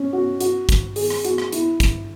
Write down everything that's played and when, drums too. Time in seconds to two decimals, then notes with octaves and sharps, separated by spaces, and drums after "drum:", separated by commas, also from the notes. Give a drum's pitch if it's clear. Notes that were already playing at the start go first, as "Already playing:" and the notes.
Already playing: C#4
0.13 F#4
0.40 F#4, drum: hi-hat
0.69 drum: kick, hi-hat
0.96 G#4, drum: open hi-hat
1.10 drum: rim click
1.25 F#4, drum: hi-hat
1.38 drum: rim click
1.52 E4, drum: hi-hat
1.80 drum: kick, hi-hat